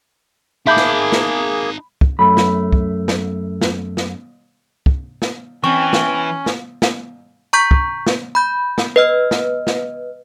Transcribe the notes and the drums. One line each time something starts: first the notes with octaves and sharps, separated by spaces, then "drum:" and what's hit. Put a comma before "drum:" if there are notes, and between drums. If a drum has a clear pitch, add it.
A#3 D#4 G#4 E5 A5 B5 D6 G6
drum: snare
drum: snare
drum: kick
F#2 A3 B5
drum: snare
drum: kick
drum: snare
drum: snare
drum: snare
drum: kick
drum: snare
E3 C4 C#4 C#6
drum: snare
drum: snare
drum: snare
A#5 C#6 G6 B6
drum: kick
drum: snare
B5 G6
drum: snare
B4 D#5 F6
drum: snare
drum: snare